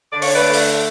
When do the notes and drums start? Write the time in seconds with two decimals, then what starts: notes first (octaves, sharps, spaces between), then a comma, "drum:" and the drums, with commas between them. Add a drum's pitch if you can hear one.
0.11 D3 D5
0.22 C#5, drum: open hi-hat
0.33 B4 D5
0.41 A3
0.53 drum: open hi-hat